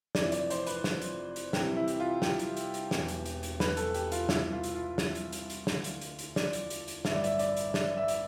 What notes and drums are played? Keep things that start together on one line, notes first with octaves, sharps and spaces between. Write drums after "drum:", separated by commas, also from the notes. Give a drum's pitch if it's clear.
F1 F2 E3 D5, drum: snare
D5, drum: hi-hat
C5, drum: hi-hat
B4, drum: hi-hat
drum: snare
drum: hi-hat
drum: hi-hat
C2 C3 E3 G4, drum: snare
E4
drum: hi-hat
F4
G4, drum: snare
drum: hi-hat
drum: hi-hat
drum: hi-hat
E1 E2 B2, drum: snare
drum: hi-hat
drum: hi-hat
drum: hi-hat
B4, drum: snare
A4, drum: hi-hat
G4, drum: hi-hat
F4, drum: hi-hat
C2 B2 E4, drum: snare
F4
drum: hi-hat
F4
drum: snare
drum: hi-hat
drum: hi-hat
drum: hi-hat
D2 D3, drum: snare
drum: hi-hat
drum: hi-hat
drum: hi-hat
D5, drum: snare
drum: hi-hat
drum: hi-hat
drum: hi-hat
A1 G2 D3 E5, drum: snare
D5
E5, drum: hi-hat
D5, drum: hi-hat
drum: hi-hat
D5, drum: snare
E5
drum: hi-hat